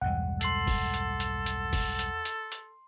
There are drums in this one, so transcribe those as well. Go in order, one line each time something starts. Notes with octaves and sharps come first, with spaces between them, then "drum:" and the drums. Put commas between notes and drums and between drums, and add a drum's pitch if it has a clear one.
B1 E2 G2 G#3 F#5
A4 C6 C7 F#7, drum: hi-hat
drum: kick, open hi-hat
drum: hi-hat
drum: hi-hat
drum: hi-hat
drum: kick, open hi-hat
drum: hi-hat
drum: hi-hat
drum: hi-hat